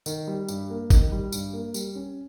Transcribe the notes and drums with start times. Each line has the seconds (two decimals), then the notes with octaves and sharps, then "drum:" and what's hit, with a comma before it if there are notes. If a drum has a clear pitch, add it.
0.06 D#3, drum: tambourine
0.27 G3
0.49 G2, drum: tambourine
0.70 A#3
0.90 D#3, drum: kick, tambourine
1.12 G3
1.32 G2, drum: tambourine
1.53 A#3
1.74 G3, drum: tambourine
1.95 C#4